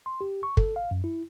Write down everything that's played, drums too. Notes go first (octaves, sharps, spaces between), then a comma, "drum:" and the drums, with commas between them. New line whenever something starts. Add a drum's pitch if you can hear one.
C6
G4
C#6
A4, drum: kick
F5
F#2
E4